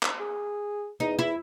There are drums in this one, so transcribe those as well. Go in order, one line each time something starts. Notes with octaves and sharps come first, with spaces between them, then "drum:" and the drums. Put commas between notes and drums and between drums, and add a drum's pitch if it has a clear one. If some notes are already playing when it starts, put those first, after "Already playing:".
drum: clap
G#4
E2 D#4
E4